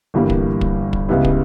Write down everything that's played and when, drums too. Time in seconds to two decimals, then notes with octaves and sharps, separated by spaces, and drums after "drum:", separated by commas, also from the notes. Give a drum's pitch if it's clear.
0.14 G1 G2 E3 G3 A#3
0.30 drum: kick
0.61 drum: kick
0.93 drum: kick
1.09 C#2 C#3 G3 B3 E4
1.25 drum: kick